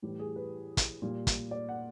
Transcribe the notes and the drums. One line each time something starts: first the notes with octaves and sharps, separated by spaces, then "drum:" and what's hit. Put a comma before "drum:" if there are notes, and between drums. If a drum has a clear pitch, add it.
A2 E3 G3 G4
G#4
B4
drum: kick, hi-hat
A#2 G3
drum: kick, hi-hat
D5
F#5